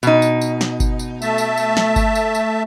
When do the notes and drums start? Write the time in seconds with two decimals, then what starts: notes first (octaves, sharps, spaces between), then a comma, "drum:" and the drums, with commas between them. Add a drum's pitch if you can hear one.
0.03 B2 D#4, drum: tambourine
0.22 drum: tambourine
0.41 drum: tambourine
0.61 drum: snare
0.80 drum: kick G1, tambourine
0.99 drum: tambourine
1.22 A3 E5 A5, drum: tambourine
1.38 drum: tambourine
1.57 drum: tambourine
1.77 drum: snare
1.96 drum: kick G1, tambourine
2.15 drum: tambourine
2.35 drum: tambourine